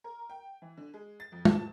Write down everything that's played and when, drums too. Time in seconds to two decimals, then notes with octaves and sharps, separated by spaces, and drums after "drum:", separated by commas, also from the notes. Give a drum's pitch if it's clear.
0.04 A#4
0.30 G5
0.62 E3
0.77 D3
0.94 G#3
1.20 A6
1.32 F2
1.45 A5, drum: tom